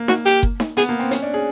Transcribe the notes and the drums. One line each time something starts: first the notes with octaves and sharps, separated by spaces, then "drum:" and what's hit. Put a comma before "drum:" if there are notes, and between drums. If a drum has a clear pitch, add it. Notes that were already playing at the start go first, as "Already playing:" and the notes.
Already playing: A#3
F#4, drum: snare D#4
G4, drum: hi-hat
drum: kick F#1
drum: snare D#4
B3 G#4, drum: hi-hat
A#3
C4
C#4, drum: hi-hat
D4
G#4